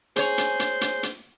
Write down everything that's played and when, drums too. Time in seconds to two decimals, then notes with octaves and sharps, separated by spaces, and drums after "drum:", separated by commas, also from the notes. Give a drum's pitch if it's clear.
0.16 G#4 C5 C#5, drum: hi-hat
0.38 drum: hi-hat
0.59 drum: hi-hat
0.81 drum: hi-hat
1.03 drum: hi-hat